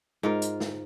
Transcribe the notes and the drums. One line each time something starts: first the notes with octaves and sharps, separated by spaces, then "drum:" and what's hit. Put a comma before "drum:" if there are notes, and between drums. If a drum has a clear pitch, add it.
G#2 F4 A#4
drum: hi-hat
drum: snare